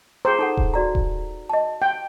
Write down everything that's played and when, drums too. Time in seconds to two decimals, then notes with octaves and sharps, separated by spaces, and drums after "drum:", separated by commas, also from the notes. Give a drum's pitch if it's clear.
0.25 G#4 C5 A#5
0.39 D#4 A4 F#5
0.57 drum: kick D#1
0.74 F#4 D5 A#5
0.95 drum: kick D#1
1.50 D#5 A5
1.82 G5